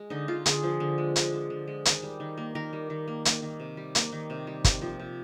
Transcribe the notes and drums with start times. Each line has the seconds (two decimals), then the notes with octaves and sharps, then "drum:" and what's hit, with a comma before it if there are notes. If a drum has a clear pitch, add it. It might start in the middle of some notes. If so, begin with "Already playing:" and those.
Already playing: G#3
0.10 D3 D#4
0.28 D3 F4
0.46 D3 G#4, drum: hi-hat
0.63 F3
0.80 D3
0.98 G#3
1.16 D3, drum: hi-hat
1.33 F3
1.50 D3
1.67 G#3
1.85 D#3, drum: hi-hat
2.03 G3
2.20 D#3
2.38 A#3
2.55 D#3 A#4
2.73 G3
2.90 D#3
3.08 A#3
3.25 A#3, drum: hi-hat
3.42 D#3
3.60 C3
3.77 G3
3.95 A#3, drum: hi-hat
4.12 D#3
4.30 C3
4.47 G3
4.64 C3, drum: kick, hi-hat
4.82 F3
5.00 C3